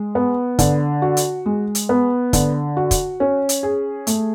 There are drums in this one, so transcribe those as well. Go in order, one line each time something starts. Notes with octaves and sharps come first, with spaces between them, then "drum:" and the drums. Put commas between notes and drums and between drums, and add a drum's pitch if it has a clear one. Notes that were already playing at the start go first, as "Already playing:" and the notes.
Already playing: G#3
B3
D3, drum: kick, hi-hat
F#4
drum: hi-hat
G#3
drum: hi-hat
B3
D3, drum: kick, hi-hat
F#4
drum: kick, hi-hat
C#4
drum: hi-hat
G#4
A3, drum: hi-hat